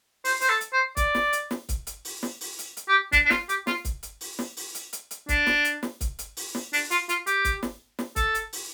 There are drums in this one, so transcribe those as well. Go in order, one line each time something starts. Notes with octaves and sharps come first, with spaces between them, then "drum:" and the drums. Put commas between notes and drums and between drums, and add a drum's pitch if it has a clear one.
C5, drum: open hi-hat
C5, drum: hi-hat
A4
drum: hi-hat
C5
D5, drum: kick C#1, hi-hat
drum: snare
drum: hi-hat
drum: snare
drum: kick C#1, hi-hat
drum: hi-hat
drum: open hi-hat
drum: snare
drum: open hi-hat
drum: hi-hat
drum: hi-hat
G4
D4, drum: kick C#1, hi-hat
D4
F4, drum: snare
G4, drum: hi-hat
F4, drum: snare
drum: kick C#1, hi-hat
drum: hi-hat
drum: open hi-hat
drum: snare
drum: open hi-hat
drum: hi-hat
drum: hi-hat
drum: hi-hat
D4, drum: kick C#1, hi-hat
drum: snare
drum: hi-hat
drum: snare
drum: kick C#1, hi-hat
drum: hi-hat
drum: open hi-hat
drum: snare
D4, drum: open hi-hat
F4, drum: hi-hat
F4, drum: hi-hat
G4, drum: hi-hat
drum: kick C#1, hi-hat
drum: snare
drum: snare
A4, drum: kick C#1, hi-hat
drum: hi-hat
drum: open hi-hat